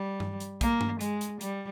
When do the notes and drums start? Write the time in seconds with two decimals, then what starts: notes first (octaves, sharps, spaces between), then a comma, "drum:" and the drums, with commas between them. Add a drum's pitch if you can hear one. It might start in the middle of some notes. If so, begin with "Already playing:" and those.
Already playing: G3
0.20 drum: tom G2
0.40 drum: hi-hat
0.61 A#3, drum: kick, hi-hat
0.81 drum: tom G2
1.01 G#3, drum: hi-hat
1.21 drum: hi-hat
1.41 G3, drum: hi-hat